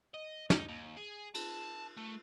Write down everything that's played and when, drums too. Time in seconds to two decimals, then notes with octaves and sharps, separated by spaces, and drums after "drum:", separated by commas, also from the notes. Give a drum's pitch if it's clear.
0.14 D#5
0.50 D#4, drum: snare
0.68 D#2
0.97 G#4
1.34 A5, drum: cymbal
1.97 A3